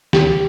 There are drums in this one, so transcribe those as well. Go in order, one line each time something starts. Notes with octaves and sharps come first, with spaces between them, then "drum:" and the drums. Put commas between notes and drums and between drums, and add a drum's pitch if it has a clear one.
D2 G4, drum: snare